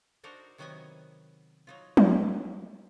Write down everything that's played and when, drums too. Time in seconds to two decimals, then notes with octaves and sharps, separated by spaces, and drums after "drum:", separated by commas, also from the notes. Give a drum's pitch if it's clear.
0.23 D4 D#4 F#4 A#4 C5
0.58 C3 D#3 F#3 B3 D#5 G#5
1.67 F#3 D#4 F4
1.97 F#3, drum: tom